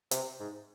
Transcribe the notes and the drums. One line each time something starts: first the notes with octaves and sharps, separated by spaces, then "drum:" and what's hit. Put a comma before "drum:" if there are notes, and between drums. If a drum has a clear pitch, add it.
C3, drum: hi-hat
G#2